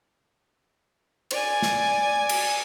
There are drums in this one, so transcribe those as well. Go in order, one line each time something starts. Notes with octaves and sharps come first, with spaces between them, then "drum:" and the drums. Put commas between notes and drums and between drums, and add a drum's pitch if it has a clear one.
D5 G#5, drum: cymbal
drum: snare
drum: cymbal